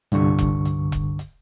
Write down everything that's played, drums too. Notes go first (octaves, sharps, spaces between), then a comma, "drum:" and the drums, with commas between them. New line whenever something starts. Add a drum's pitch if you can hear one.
C2 G2 D3 C#6, drum: hi-hat
drum: kick E1, hi-hat
drum: hi-hat
drum: kick E1, hi-hat
drum: hi-hat